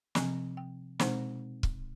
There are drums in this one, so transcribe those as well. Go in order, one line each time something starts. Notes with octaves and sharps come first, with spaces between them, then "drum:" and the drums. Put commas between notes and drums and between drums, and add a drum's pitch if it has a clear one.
C3 F3 C4 G#5, drum: snare
G5
B2 G#3 C4 D#4 C5, drum: snare
drum: kick